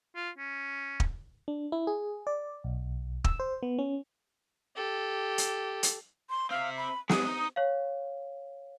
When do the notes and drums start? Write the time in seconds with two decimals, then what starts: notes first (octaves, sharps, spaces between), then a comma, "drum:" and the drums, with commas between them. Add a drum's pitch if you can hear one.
0.16 F4
0.38 C#4
1.00 drum: kick
1.48 D4
1.72 E4
1.87 G#4
2.27 D5
2.64 B1
3.24 E6, drum: kick
3.40 C5
3.63 B3
3.78 C#4
4.75 G4 A4
5.38 drum: hi-hat
5.83 drum: hi-hat
6.30 C6
6.50 C4 E5 F5
6.77 B5
7.09 G#3 B3 D#6, drum: snare
7.25 D#4 D#5
7.56 C#5 F5